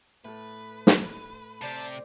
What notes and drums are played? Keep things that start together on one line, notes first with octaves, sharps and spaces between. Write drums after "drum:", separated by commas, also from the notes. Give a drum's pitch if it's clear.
A2 A4 B4
drum: snare
C3 G4 C5 D5 A5